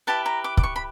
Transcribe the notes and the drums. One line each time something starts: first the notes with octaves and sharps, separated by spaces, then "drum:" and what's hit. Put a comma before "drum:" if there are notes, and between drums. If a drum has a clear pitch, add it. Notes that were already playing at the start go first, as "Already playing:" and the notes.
E4 G4 B4 A5
A#5
D6
D6, drum: kick
C#6
B5